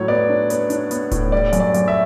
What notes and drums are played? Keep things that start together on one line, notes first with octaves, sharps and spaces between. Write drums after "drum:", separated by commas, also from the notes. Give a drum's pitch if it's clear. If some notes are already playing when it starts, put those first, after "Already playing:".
Already playing: A2 F#3 C#5
B3 D5
D4
B3, drum: hi-hat
D4, drum: hi-hat
B3, drum: hi-hat
A2, drum: kick D#1, hi-hat
G3 D5
F#2, drum: hi-hat
D5
F#2, drum: hi-hat
E5